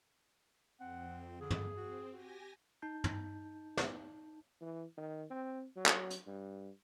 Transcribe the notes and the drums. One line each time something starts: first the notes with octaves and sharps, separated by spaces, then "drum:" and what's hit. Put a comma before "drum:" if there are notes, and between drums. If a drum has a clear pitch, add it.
F2 C4 F#5
D3 G#4
drum: tom
C4 F#4
F#4 G4 G#5 A#6
D#4 A5 G6
drum: tom
drum: snare
E3
D#3
C4
F#3
drum: clap
drum: hi-hat
G2